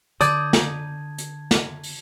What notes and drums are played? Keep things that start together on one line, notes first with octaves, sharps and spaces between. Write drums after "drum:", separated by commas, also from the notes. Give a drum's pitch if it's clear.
D3 D5 A5 D#6 G6 G#6, drum: hi-hat
drum: snare
drum: hi-hat
drum: snare
drum: open hi-hat